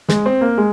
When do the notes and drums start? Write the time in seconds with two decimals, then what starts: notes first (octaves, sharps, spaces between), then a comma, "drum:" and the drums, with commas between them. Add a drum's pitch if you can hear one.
0.09 G#3, drum: snare
0.26 C4
0.41 A#3
0.58 G#3